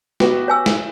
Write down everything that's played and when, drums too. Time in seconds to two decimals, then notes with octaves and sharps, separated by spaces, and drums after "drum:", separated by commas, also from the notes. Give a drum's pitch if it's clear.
0.20 B3 F#4 G4, drum: snare
0.48 C#5 G#5 E6
0.66 drum: snare